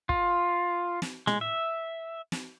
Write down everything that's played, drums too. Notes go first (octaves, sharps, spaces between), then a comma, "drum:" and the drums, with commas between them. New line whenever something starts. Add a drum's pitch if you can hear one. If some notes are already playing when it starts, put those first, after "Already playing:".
F4, drum: kick
drum: snare
G#3, drum: tom A2
E5
drum: snare